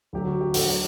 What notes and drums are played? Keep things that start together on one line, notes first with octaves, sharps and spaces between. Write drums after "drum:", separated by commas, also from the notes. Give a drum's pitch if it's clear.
D2 D3 F#3 G4
F#4
G4
D2 D3 F#3 A4, drum: open hi-hat